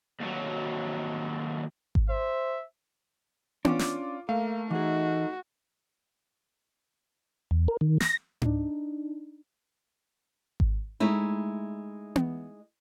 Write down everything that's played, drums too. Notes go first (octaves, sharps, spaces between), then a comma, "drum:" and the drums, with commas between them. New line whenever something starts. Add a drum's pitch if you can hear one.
D#2 F#3
drum: kick G#1
C5 E5
C#4 D4 F4 D6, drum: tom B3
drum: snare
A3 A#3 F5
E3 D#4 F#4 G#4
E2
A#4
D#3
A#6, drum: snare
D4 D#4, drum: tom G#2
drum: kick G#1
G#3 A3 D#4 E4
drum: tom B3